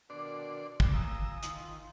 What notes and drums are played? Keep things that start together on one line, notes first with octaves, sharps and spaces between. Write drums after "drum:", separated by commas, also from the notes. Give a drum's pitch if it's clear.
B2 D#3 D4 D5 C6
drum: kick
F4 G#5 A#5 D#6 E6
D#3 F4, drum: hi-hat